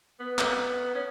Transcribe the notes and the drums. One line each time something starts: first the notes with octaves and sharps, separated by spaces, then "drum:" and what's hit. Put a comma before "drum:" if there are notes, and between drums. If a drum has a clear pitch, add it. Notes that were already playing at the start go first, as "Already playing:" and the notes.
B3
drum: clap
C#4